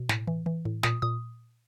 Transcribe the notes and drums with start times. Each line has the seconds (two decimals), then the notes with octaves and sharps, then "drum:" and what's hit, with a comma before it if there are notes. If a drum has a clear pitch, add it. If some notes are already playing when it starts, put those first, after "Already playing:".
Already playing: B2
0.09 A2, drum: snare
0.27 E3
0.46 E3
0.65 A2
0.83 A#2 D#6, drum: snare
1.02 A#2 D#6